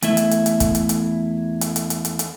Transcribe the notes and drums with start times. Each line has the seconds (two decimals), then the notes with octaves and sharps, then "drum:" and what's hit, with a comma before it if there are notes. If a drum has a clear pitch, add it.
0.02 E2 A3 E4 E5, drum: hi-hat
0.17 drum: hi-hat
0.31 drum: hi-hat
0.46 drum: hi-hat
0.60 drum: kick, hi-hat
0.75 drum: hi-hat
0.89 drum: hi-hat
1.61 drum: hi-hat
1.76 drum: hi-hat
1.90 drum: hi-hat
2.05 drum: hi-hat
2.19 drum: hi-hat